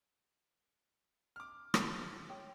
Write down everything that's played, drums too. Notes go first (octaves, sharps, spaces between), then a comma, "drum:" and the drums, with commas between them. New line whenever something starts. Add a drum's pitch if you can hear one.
D6 F6
drum: rim click
C#5 G5